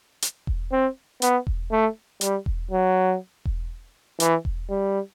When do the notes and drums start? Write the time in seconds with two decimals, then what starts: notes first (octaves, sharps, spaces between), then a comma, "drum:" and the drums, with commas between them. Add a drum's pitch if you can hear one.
0.22 drum: hi-hat
0.47 drum: kick E1
0.72 C4
1.22 B3, drum: hi-hat
1.47 drum: kick E1
1.71 A3
2.21 G3, drum: hi-hat
2.46 drum: kick E1
2.71 F#3
3.45 drum: kick E1
4.20 E3, drum: hi-hat
4.45 drum: kick E1
4.70 G3